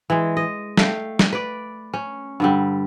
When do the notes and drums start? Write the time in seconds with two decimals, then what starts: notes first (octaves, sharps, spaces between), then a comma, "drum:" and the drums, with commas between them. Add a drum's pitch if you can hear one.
0.10 E3 G#3
0.37 D#5
0.77 A3 F5 G5, drum: snare
1.19 drum: snare
1.32 B4 D5
1.94 C#4
2.40 G2 D3 G3